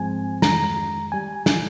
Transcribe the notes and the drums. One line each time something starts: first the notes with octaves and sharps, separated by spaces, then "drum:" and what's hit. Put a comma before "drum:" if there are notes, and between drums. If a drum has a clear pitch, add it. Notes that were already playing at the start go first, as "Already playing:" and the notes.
Already playing: G#2 F3 G#3 C4 G#5
F2 D#3 G#3 A#5, drum: snare
G3 G#5
drum: snare